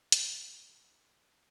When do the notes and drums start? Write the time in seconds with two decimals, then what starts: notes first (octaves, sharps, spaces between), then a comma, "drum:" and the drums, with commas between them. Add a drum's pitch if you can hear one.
0.12 A2 C#3 E3 D#4 F#4 C5 F#5 B5, drum: hi-hat